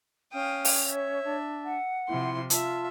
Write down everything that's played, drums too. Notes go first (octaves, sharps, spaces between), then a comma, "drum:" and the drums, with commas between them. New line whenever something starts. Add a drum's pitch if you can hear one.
C#4 F5 G5 D#6
drum: open hi-hat
C#5 E5
D4
F#5
C3 F3 E4 C6
F4 E5 A5, drum: hi-hat